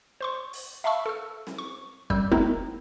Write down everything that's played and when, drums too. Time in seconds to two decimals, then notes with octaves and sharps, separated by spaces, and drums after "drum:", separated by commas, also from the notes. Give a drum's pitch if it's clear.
0.21 C5 C6 C#6
0.53 drum: open hi-hat
0.84 E5 F5 A5 B5 C#6 E6
1.06 A4 E6
1.47 drum: snare C4
1.58 C#6
2.10 F#2 G3 E6 G6, drum: kick
2.32 A3 B3 C4 D#4 E4 A#4, drum: kick